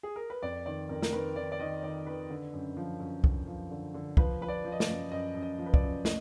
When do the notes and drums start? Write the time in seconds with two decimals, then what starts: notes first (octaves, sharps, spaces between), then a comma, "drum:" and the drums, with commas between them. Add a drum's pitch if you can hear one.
0.03 G#4
0.16 A#4
0.30 B4
0.42 F2 D5
0.66 D#3 D5
0.89 F2 A#4
1.02 A#4, drum: snare
1.13 D#3 B4
1.36 D#3 D5
1.52 D5
1.60 D#3 D#5
1.83 D#3 D5
2.07 D#3 B4
2.30 D3
2.54 F#2
2.77 F3
3.00 F#2
3.24 F#2, drum: kick
3.47 F3
3.71 D3
3.94 D3
4.17 F3 B4, drum: kick
4.41 F3 B4
4.48 D5
4.65 F3
4.72 D#5
4.80 D5, drum: snare
4.88 F#2
5.12 F#2 D#5
5.35 F#2
5.43 D#5
5.58 F3
5.66 B4
5.74 D5, drum: kick
5.82 F#2
6.05 D#5, drum: snare